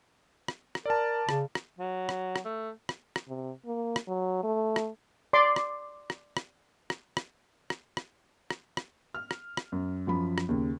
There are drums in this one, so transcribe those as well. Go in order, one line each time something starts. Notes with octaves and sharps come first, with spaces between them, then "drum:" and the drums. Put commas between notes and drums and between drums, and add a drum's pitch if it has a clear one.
drum: rim click
drum: rim click
A#4 D5 A5
C#3, drum: rim click
drum: rim click
F#3
drum: rim click
drum: rim click
A3
drum: rim click
drum: rim click
C3
A#3
drum: rim click
F#3
A3
drum: rim click
D5 C6 D6
drum: rim click
drum: rim click
drum: rim click
drum: rim click
drum: rim click
drum: rim click
drum: rim click
drum: rim click
drum: rim click
F6
drum: rim click
drum: rim click
F#2
F#2 F3 B5
drum: rim click
D#2 C#3